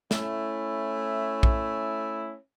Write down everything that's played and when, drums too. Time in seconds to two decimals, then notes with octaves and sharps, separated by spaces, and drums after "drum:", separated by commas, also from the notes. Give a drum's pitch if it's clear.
0.11 A3 C#4 E4, drum: snare
1.43 drum: kick A#1